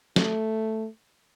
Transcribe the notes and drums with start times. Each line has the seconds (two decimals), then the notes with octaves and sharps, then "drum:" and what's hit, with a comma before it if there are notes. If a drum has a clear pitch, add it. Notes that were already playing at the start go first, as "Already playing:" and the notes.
0.16 A3, drum: snare